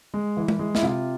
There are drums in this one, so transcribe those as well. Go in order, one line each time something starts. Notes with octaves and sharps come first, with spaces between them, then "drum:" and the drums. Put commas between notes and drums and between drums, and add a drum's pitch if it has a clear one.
G#3
E3
drum: tom G#3
G#3
E4, drum: snare
C3 F4